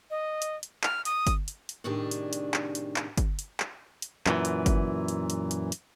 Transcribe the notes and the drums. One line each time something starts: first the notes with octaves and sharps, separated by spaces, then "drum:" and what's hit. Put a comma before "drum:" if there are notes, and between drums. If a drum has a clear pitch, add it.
D#5
drum: hi-hat
drum: hi-hat
F6, drum: clap
D#6, drum: hi-hat
drum: kick G1, hi-hat
drum: hi-hat
drum: hi-hat
A2 C3 D#3 D4 G4 G#4
drum: hi-hat
drum: hi-hat
drum: clap
drum: hi-hat
drum: clap
drum: kick G1, hi-hat
drum: hi-hat
drum: clap
drum: hi-hat
F#2 A#2 E3, drum: clap
drum: hi-hat
drum: kick G1, hi-hat
drum: hi-hat
drum: hi-hat
drum: hi-hat
drum: hi-hat